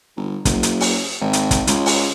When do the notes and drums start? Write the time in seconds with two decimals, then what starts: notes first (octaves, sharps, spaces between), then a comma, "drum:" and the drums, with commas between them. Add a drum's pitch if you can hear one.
0.17 G1
0.45 F#1, drum: kick, hi-hat
0.63 drum: hi-hat
0.80 drum: open hi-hat
1.21 G#1
1.33 drum: hi-hat
1.51 drum: kick, hi-hat
1.67 C#2, drum: hi-hat
1.86 drum: open hi-hat